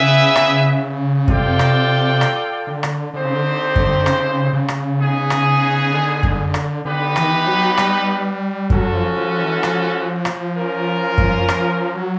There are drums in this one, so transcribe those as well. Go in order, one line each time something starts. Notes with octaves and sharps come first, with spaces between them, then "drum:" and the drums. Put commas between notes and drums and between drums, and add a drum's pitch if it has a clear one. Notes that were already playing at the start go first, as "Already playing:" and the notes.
Already playing: C#3 B3 E4 G#4 B4 E5
drum: rim click
C3 F4 A4 D5 G5, drum: kick F#2
drum: rim click
drum: rim click
D3
drum: rim click
D3 A3 C4 D#4 G4 C5
C#3
D3
drum: kick F#2
C#3, drum: rim click
C#3
drum: rim click
B3 D#4 G#4
drum: rim click
D3
drum: kick F#2
drum: rim click
D3 B3 D#4 G4 B4
E3, drum: rim click
D#3
E3
F#3
G3, drum: rim click
F#3 G#3 C#4 F#4 A4, drum: kick F#2
F3
F3
E3
F3, drum: rim click
drum: rim click
C#4 F4 A#4
drum: kick F#2
F3, drum: rim click
F#3